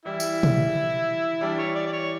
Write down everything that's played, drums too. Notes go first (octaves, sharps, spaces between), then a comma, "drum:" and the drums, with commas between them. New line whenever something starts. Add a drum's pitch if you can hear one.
E3 G3 E4
drum: tambourine
drum: tom
E3 G3 D4
C#5
D5
D5
C#5